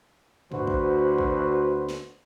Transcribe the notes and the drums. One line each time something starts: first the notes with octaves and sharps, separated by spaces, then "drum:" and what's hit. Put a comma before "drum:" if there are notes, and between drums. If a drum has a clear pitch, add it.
D2 F#4 B4 C5, drum: tom G2
drum: kick
drum: kick
drum: snare